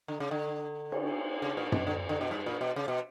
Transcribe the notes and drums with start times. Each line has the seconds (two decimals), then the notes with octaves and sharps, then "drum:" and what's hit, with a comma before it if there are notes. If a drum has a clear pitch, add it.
0.08 D3
0.20 C#3
0.31 D3
0.92 drum: cymbal
1.42 C#3
1.57 A#2
1.72 B2, drum: tom F#2
1.87 D3
2.09 D3
2.21 B2
2.31 G2
2.46 A#2
2.61 B2
2.76 C#3
2.88 B2